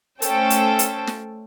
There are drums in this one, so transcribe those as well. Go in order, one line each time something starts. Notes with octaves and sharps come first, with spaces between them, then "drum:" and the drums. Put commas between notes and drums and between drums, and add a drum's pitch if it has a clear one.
A3 C#4 A4 C5 G5 A5, drum: hi-hat
drum: hi-hat
drum: hi-hat
drum: snare